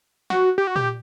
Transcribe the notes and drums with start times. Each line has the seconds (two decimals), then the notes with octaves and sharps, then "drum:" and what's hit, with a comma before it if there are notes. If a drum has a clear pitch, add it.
0.30 F#4, drum: snare
0.58 G4
0.67 F#4
0.76 G4, drum: tom A#2